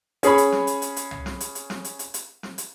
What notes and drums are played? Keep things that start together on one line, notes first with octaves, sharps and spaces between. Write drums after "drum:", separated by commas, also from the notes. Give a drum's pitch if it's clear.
C#4 G#4 C#5 B5, drum: hi-hat
drum: hi-hat
drum: snare
drum: hi-hat
drum: hi-hat
drum: hi-hat
drum: tom
drum: snare
drum: hi-hat
drum: hi-hat
drum: snare
drum: hi-hat
drum: hi-hat
drum: hi-hat
drum: snare
drum: hi-hat